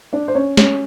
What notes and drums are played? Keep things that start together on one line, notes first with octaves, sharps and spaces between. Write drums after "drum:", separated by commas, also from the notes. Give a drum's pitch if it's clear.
D4 D5
C5
C#4 C#5
C#4 C#5, drum: snare